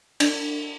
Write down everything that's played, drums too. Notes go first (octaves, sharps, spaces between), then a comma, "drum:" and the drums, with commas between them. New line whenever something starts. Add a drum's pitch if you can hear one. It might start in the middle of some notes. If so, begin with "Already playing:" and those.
D4 D5, drum: cymbal